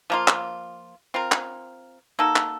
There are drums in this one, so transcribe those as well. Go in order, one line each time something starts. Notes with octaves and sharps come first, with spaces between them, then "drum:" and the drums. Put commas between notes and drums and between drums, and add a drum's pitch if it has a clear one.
F3 A#3 F4
drum: clap
C4 F4 A#4
drum: clap
A#3 D#4 F#4 A4
drum: clap